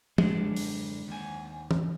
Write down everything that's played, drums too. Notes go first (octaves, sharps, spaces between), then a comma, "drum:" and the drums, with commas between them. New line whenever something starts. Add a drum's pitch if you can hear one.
F#2 D3 G#3 D4, drum: tom F3
drum: open hi-hat
D#2 G#5
drum: tom E3